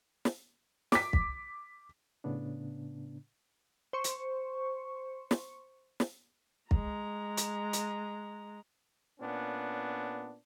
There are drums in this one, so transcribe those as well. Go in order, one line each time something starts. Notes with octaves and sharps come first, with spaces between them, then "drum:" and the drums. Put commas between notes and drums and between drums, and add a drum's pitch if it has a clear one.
drum: snare
D6 B6, drum: snare
drum: kick
A2 C#3 B3 D4
C5 C#6
drum: hi-hat
drum: snare
drum: snare
G#3 A#5, drum: kick
drum: hi-hat
drum: hi-hat
A#2 B3 C#4 D4